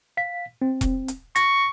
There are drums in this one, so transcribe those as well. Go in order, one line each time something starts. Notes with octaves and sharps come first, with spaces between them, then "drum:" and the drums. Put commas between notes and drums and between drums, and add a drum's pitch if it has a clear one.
F5 B6
C4
drum: kick E1, hi-hat
drum: hi-hat
C#6 A#6, drum: hi-hat